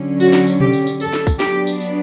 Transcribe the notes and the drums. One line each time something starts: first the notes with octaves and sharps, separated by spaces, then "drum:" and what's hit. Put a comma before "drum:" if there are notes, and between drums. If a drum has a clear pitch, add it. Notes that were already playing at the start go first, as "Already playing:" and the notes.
Already playing: D3 F#3 C#4
F#4, drum: tambourine
drum: snare
drum: tambourine
G4, drum: tom B2
drum: tambourine
drum: tambourine
A4, drum: tambourine
drum: snare
drum: kick, tambourine
F#3 B3 D4 G4, drum: snare
drum: tambourine
drum: tambourine